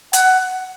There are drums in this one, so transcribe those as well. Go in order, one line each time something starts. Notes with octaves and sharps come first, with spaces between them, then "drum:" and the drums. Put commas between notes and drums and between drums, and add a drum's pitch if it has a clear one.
F#5, drum: hi-hat